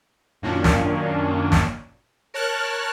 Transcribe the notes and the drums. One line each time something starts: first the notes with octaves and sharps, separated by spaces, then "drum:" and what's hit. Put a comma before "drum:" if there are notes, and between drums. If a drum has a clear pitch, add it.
F#2 A#2 D#3 A#3 C#4 D4
drum: snare
drum: snare
A#4 C#5 A5 F6 F#6